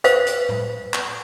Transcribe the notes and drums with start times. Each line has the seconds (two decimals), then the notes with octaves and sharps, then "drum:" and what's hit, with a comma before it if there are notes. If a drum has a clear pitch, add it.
0.04 B4 C5 F5, drum: hi-hat
0.27 drum: hi-hat
0.49 drum: tom A2
0.94 drum: clap